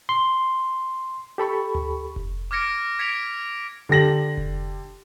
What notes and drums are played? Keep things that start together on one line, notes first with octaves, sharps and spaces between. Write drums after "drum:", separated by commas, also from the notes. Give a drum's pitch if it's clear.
C6
G4 A4 B5 C#6
drum: tom D2
drum: kick F1
D6 F6 G#6 A#6 C#7 D7
G#6 B6 C#7 D7 F7
D3 G4 A#6 F#7
drum: kick F1